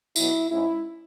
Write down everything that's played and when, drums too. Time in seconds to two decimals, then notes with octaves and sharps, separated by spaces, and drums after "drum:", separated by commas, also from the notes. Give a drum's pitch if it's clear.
0.16 B2 F#3 B3 E4, drum: tambourine
0.51 G#2 G#3 C#4 E4